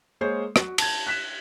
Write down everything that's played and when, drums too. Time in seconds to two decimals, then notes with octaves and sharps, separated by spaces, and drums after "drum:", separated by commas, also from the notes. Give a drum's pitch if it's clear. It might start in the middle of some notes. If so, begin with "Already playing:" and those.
0.21 G#3 A#3 G#4 C5 C#5
0.56 F#4, drum: rim click
0.78 A5 G#6, drum: cymbal
1.07 F#6 B6 E7